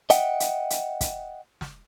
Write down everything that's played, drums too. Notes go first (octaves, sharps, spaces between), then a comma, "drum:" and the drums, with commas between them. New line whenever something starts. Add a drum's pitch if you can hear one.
D#5 E5 F#5 G5, drum: hi-hat
drum: hi-hat
drum: hi-hat
drum: kick, hi-hat
drum: snare